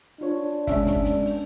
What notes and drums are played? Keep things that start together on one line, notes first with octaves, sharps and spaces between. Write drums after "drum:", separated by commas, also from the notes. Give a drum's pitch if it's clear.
D4 F4 C#5
G#3 C#4 E5, drum: kick, hi-hat
drum: kick, hi-hat
G#3 B3, drum: hi-hat
drum: open hi-hat